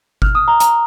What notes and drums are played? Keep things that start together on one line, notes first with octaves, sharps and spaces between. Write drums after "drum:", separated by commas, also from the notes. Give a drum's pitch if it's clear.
F6, drum: kick G1
D#6
A#5
A#5, drum: hi-hat